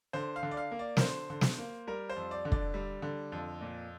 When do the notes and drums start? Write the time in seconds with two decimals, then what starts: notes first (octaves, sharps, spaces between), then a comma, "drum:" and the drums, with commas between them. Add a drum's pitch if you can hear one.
0.13 D3 C5
0.36 F5
0.43 D3
0.51 D5
0.57 F5
0.71 A#3
0.79 D5
0.97 A#4, drum: snare
1.01 D3 C5
1.30 D3
1.41 drum: snare
1.58 A#3
1.87 G3 A#4
2.09 C5
2.16 F2
2.31 D5
2.45 D3
2.52 D5, drum: kick
2.74 G3
3.02 D3
3.32 F2
3.61 A#2